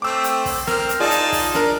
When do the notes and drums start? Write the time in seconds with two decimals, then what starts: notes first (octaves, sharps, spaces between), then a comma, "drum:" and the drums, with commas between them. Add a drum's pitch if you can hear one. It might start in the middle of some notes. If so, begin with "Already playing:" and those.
0.02 A3 C4 D6 E6
0.24 drum: hi-hat
0.46 drum: kick, open hi-hat
0.67 C4 A#4 F6, drum: snare
0.89 drum: hi-hat
1.00 D#4 F4 G#4 D5 A5
1.11 drum: hi-hat
1.32 drum: kick, open hi-hat
1.55 D4 A#4, drum: snare